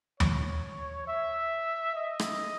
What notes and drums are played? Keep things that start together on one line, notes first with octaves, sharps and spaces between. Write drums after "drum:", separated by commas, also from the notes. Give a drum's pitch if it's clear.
C#5, drum: tom D#2
E5
D#5
drum: rim click